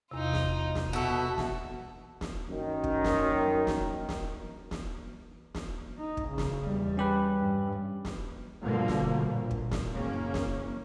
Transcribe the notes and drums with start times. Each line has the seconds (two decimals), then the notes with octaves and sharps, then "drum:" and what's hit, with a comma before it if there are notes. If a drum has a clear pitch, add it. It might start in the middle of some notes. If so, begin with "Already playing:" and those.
0.11 E2 C3 D#4 F4
0.33 drum: snare
0.75 drum: snare
0.93 B2 F#4 A4 E5
1.38 drum: snare
2.21 drum: snare
2.50 F#2 D#3
2.84 drum: kick
3.04 drum: snare
3.67 drum: snare
4.09 drum: snare
4.71 drum: snare
5.55 drum: snare
5.98 D#4
6.17 drum: kick
6.28 C#3
6.38 drum: snare
6.63 E2 G3
6.97 C#4 G4 B4
7.39 G2
8.05 drum: snare
8.63 G2 B2 D3 F3 A#3
8.88 drum: snare
9.25 A#2
9.51 drum: kick
9.71 drum: snare
9.92 F#1 A#3 C#4
10.34 drum: snare